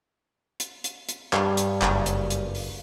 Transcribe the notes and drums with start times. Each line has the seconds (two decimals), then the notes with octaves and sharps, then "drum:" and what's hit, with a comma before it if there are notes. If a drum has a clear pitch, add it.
0.60 drum: hi-hat
0.84 drum: hi-hat
1.09 drum: hi-hat
1.33 G2, drum: clap
1.57 drum: hi-hat
1.82 F#1, drum: clap
2.06 drum: hi-hat
2.30 drum: hi-hat
2.55 drum: open hi-hat